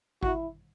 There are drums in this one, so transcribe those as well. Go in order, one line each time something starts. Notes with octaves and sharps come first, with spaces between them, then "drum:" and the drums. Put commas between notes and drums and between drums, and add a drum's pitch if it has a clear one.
E4 F#4, drum: kick G#1